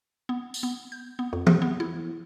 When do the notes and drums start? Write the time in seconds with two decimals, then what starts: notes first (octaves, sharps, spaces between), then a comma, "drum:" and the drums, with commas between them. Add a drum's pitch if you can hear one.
0.29 B3
0.54 drum: tambourine
0.63 B3
0.92 G6
1.19 B3
1.33 F2
1.46 drum: tom E3
1.62 B3
1.80 E4